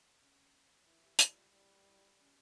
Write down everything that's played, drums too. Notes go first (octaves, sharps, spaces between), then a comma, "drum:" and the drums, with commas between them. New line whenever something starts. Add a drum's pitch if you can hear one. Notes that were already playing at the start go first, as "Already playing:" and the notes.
C#4
E3 E4
G4
G3 G4, drum: hi-hat
F4
G3 E4
E4
C#4